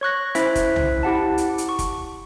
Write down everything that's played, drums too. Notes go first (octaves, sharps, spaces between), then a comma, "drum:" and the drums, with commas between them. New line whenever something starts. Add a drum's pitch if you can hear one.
C#5 C#6 F#6 A#6
C#4 E4 C5 E5 F#6 B6, drum: hi-hat
drum: kick, hi-hat
drum: tom
E4 G4 F#5 A5
drum: hi-hat
drum: hi-hat
C#6
drum: kick, hi-hat